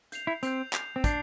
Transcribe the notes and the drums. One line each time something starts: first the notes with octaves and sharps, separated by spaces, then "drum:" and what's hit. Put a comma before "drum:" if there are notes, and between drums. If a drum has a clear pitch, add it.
G6 C7 F7, drum: hi-hat
E4
C4 G6 C7 F7, drum: hi-hat
G6 C7 F7, drum: clap
C4
D4 G6 C7, drum: kick, hi-hat